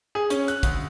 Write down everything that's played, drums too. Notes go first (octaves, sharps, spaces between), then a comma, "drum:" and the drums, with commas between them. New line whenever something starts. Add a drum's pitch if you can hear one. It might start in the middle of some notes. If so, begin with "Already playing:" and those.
G#4
C#4, drum: hi-hat
F#6, drum: hi-hat
D2, drum: kick, hi-hat